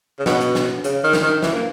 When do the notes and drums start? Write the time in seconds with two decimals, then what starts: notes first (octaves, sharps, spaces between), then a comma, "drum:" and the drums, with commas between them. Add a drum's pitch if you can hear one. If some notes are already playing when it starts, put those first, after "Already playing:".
0.19 C#3
0.26 B2, drum: snare
0.41 drum: hi-hat
0.55 drum: snare
0.84 C#3, drum: hi-hat
1.04 D#3
1.13 drum: snare
1.23 D#3
1.43 E3, drum: snare
1.54 A#3